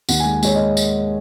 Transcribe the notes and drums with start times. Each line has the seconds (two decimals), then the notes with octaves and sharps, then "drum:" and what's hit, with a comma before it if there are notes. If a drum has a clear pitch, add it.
0.09 D#2 F#5, drum: tambourine
0.20 G#5
0.25 G#3
0.43 G#3 C#5, drum: tambourine
0.55 D#5
0.77 drum: tambourine